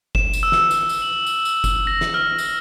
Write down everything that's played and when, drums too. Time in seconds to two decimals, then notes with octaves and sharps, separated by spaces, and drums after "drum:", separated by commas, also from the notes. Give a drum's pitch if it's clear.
0.15 E7, drum: kick F#1
0.33 drum: tambourine
0.43 E6
0.52 drum: snare
0.71 drum: tambourine
0.89 drum: tambourine
1.02 F#7
1.27 drum: tambourine
1.45 drum: tambourine
1.64 drum: kick F#1, tambourine
1.87 A#6
2.01 drum: snare
2.14 F6
2.38 drum: tambourine